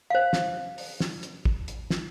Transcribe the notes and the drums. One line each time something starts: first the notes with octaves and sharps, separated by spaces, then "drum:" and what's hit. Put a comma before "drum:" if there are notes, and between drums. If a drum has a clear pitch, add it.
C5 F5
drum: snare
drum: open hi-hat
drum: snare
drum: hi-hat
drum: kick
drum: hi-hat
drum: snare